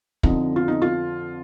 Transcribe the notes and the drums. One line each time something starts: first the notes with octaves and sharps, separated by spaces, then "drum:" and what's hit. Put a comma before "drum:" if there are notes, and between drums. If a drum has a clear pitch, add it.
F2 D3 F3 D#4, drum: kick
F4
D#4
F4